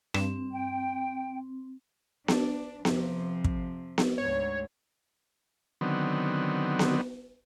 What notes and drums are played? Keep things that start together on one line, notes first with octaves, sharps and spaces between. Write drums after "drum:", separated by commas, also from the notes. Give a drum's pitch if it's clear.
G2 C4, drum: rim click
G5
D4, drum: snare B3
F2 C3 F3, drum: snare B3
drum: kick
drum: snare B3
D2 G#2 C#5
D3 D#3 F#3 B3 C4
drum: snare B3